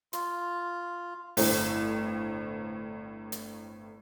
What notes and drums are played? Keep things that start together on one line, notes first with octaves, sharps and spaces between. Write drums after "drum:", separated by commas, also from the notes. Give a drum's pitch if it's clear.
F4, drum: hi-hat
G1 A2 C4, drum: open hi-hat
drum: hi-hat